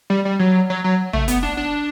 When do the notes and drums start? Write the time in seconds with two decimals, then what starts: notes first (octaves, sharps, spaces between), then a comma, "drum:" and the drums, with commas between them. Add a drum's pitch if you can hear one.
0.10 G3
0.25 G3
0.39 F#3
0.70 F#3
0.84 F#3
1.13 A3, drum: tom
1.28 B3, drum: hi-hat
1.43 D4
1.57 D4